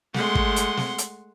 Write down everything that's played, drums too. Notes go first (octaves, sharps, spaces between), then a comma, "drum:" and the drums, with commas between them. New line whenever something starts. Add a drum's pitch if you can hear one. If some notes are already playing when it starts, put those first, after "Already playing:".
G#3 A3 F#5 C6, drum: snare
drum: kick
drum: hi-hat
drum: snare
drum: hi-hat